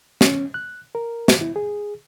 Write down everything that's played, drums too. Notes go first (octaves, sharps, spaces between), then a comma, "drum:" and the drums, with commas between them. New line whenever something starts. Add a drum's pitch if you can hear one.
C#4, drum: snare
F#6
A#4
drum: snare
E4
G#4